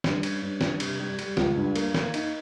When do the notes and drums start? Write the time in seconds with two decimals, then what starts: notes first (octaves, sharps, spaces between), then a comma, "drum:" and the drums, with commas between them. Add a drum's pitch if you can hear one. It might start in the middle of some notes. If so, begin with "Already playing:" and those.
0.04 G2, drum: snare
0.23 C#4, drum: cymbal
0.42 G2
0.61 G2, drum: snare
0.80 C3, drum: cymbal
0.99 G3
1.19 G3, drum: cymbal
1.37 C#2, drum: snare
1.56 G2
1.76 A#3, drum: cymbal
1.94 A#3, drum: snare
2.14 D#4, drum: cymbal